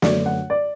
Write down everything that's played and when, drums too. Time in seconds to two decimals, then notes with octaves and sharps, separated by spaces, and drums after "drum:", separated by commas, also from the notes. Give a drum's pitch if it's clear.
0.02 F#2 D3 A3 D5, drum: snare
0.26 F#5
0.50 D5